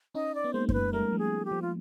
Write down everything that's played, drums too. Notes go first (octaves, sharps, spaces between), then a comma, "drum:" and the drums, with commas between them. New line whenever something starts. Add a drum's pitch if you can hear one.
C#4 D#4 D#5
D5
B3
G#3 A#3 C5
C5, drum: kick F#2
B4
G3 A3 A#4
F3 G3
G#4
G4
F3
F4